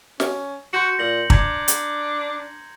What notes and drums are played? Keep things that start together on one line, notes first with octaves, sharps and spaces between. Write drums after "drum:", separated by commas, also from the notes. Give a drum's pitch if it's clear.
C#4, drum: snare
F#4 C6 G6 C#7
A#2 A#6 F#7
D4 A#5 G#6, drum: kick
drum: hi-hat